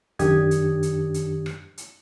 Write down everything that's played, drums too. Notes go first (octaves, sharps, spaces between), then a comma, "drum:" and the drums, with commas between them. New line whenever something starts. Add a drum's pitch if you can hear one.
F#2 D#3 D4 G4 D#6 G#6, drum: kick, hi-hat
drum: hi-hat
drum: hi-hat
drum: hi-hat
drum: rim click
drum: hi-hat